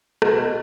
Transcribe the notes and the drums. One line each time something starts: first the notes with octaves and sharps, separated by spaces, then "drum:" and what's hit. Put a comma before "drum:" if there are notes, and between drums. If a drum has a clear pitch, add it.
B2, drum: rim click